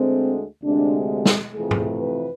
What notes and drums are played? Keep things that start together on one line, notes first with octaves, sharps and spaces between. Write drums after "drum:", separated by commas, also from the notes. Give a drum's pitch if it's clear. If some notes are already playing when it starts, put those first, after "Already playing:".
Already playing: D2 D3 G#3 C4
D2 C3 G#3 D4
drum: snare
F2 C3 E3 A3 G#4
drum: tom G#2
B4